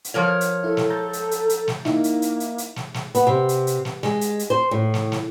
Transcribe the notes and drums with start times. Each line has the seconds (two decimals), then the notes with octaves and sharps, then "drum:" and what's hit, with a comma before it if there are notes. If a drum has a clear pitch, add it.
0.04 drum: hi-hat
0.14 F3 A#4 C#5
0.41 drum: hi-hat
0.64 E4 A4
0.77 drum: snare
0.90 A#5 G6 A6
1.13 drum: hi-hat
1.31 drum: hi-hat
1.49 drum: hi-hat
1.68 drum: snare
1.85 A#3 D#4 E4 E5, drum: snare
2.04 drum: hi-hat
2.22 drum: hi-hat
2.40 drum: hi-hat
2.58 drum: hi-hat
2.76 drum: snare
2.94 drum: snare
3.15 B3, drum: hi-hat
3.27 C3
3.49 drum: hi-hat
3.67 drum: hi-hat
3.85 drum: snare
4.03 G#3, drum: snare
4.21 drum: hi-hat
4.39 drum: hi-hat
4.50 C5
4.71 A2
4.94 drum: snare
5.12 drum: snare